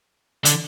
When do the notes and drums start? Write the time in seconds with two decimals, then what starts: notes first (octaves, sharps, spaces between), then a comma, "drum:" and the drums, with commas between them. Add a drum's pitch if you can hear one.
0.45 D3, drum: hi-hat